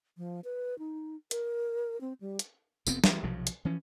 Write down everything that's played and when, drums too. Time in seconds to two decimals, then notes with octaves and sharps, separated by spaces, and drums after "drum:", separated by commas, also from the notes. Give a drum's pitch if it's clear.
0.17 F3
0.44 B4
0.79 D#4
1.31 A#4, drum: hi-hat
2.01 C4
2.21 G3
2.39 drum: hi-hat
2.87 F1 F2 B3 C4, drum: tambourine
3.04 E3, drum: snare
3.23 B1 C3 F3 F#3
3.47 drum: hi-hat
3.65 E3 F3 C#4